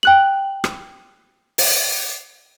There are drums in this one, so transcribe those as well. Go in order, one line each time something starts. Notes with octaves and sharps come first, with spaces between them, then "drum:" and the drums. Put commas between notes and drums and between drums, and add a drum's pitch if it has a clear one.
G5 F#6 F#7
drum: rim click
drum: open hi-hat